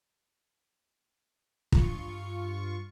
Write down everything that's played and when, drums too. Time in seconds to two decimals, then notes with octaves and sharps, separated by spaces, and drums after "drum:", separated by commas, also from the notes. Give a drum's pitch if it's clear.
1.72 G2 F4 C#6, drum: kick